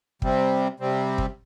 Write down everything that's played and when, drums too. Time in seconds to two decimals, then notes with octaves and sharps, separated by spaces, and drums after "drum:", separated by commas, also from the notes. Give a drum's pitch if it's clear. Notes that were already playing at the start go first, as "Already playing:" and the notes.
0.22 C3 G3 C4, drum: kick
0.80 C3 G3 C4
1.18 drum: kick